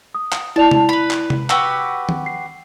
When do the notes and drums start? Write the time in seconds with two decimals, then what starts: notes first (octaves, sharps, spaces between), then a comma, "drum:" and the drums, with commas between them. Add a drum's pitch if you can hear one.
0.15 D#6
0.32 drum: clap
0.56 E4 D5 A5 F7
0.71 drum: tom C3
0.89 B4 B5
1.11 drum: clap
1.30 drum: tom C3
1.50 F#4 G4 B4 E6, drum: clap
2.09 drum: tom D#3
2.26 C7